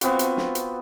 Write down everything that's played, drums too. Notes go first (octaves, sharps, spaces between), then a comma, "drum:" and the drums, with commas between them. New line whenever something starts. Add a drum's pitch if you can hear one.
B3 C4 F4 F#4, drum: hi-hat
drum: hi-hat
drum: snare
drum: hi-hat